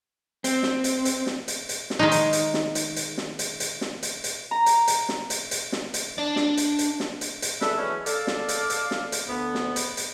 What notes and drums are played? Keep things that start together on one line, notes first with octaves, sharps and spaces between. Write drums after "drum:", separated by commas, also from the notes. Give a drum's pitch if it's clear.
C4, drum: hi-hat
drum: snare
drum: hi-hat
drum: hi-hat
drum: snare
drum: hi-hat
drum: hi-hat
drum: snare
D#3 G#3 D#4
drum: hi-hat
drum: hi-hat
drum: snare
drum: hi-hat
drum: hi-hat
drum: snare
drum: hi-hat
drum: hi-hat
drum: snare
drum: hi-hat
drum: hi-hat
A#5
drum: hi-hat
drum: hi-hat
drum: snare
drum: hi-hat
drum: hi-hat
drum: snare
drum: hi-hat
D4 D5
drum: snare
drum: hi-hat
drum: hi-hat
drum: snare
drum: hi-hat
drum: hi-hat
D4 G#4 A4 B4 E5, drum: snare
E3 F#3 G#3 C#4
A4 D5 F5, drum: hi-hat
drum: snare
drum: hi-hat
drum: hi-hat
drum: snare
drum: hi-hat
D2 B3
drum: snare
drum: hi-hat
drum: hi-hat